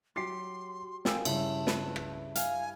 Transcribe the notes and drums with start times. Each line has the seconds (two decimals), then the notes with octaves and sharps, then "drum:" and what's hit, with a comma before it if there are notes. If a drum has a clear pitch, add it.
0.16 F#3 G4 C6 C7
1.05 A#4 F5 G5 G#5 E6, drum: snare
1.25 G2 C#3 E4 A5, drum: cymbal
1.67 B4, drum: snare
1.96 drum: rim click
2.35 F5 G#5, drum: hi-hat